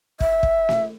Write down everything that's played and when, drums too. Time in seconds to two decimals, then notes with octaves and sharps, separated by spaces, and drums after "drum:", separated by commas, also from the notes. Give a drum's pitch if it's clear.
0.20 E5, drum: kick
0.43 drum: kick
0.69 drum: snare